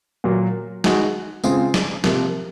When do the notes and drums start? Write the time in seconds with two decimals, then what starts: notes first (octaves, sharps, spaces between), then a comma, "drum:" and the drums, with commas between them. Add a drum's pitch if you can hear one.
0.24 A#2 F#3 A#3
0.84 G#3 D#4 F#4, drum: snare
1.44 C#3 G#3 C4 F4, drum: tambourine
1.74 drum: snare
2.04 C3 F3 A#3, drum: snare